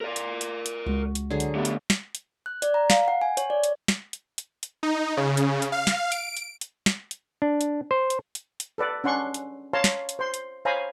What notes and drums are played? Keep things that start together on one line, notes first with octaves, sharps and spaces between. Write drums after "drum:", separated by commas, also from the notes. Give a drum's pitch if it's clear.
A#4 D5
drum: hi-hat
drum: hi-hat
drum: hi-hat
C#2 G#3 F#4
drum: hi-hat
D3 F#3 G#4
drum: hi-hat
A3 B3 G4 D6
drum: hi-hat
drum: snare
drum: hi-hat
F#6
D5, drum: hi-hat
A#5
F5, drum: snare
F#5
G#5
C#5, drum: hi-hat
D5
drum: hi-hat
drum: snare
drum: hi-hat
drum: hi-hat
drum: hi-hat
D#4
C#3
drum: hi-hat
drum: hi-hat
F5
drum: snare
D7, drum: hi-hat
drum: hi-hat
drum: hi-hat
drum: snare
drum: hi-hat
D4
drum: hi-hat
C5
drum: hi-hat
drum: hi-hat
drum: hi-hat
A4 B4 D5
C#4 D4 F#5 C6 C#6
drum: hi-hat
C#5 F5 A5 A#5 C6
drum: snare
drum: hi-hat
C5 C6
drum: hi-hat
C5 C#5 F5 G#5 A#5 B5